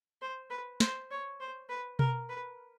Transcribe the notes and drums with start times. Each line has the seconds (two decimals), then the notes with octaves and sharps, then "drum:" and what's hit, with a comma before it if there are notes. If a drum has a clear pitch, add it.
0.22 C5
0.50 B4
0.80 C5, drum: snare
1.11 C#5
1.40 C5
1.69 B4
1.99 A#4, drum: tom B2
2.29 B4